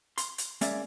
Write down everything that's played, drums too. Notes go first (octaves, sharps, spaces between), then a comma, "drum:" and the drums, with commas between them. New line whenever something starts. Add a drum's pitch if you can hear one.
C6, drum: hi-hat
drum: hi-hat
G#3 A#3 C#4 D5 E5, drum: hi-hat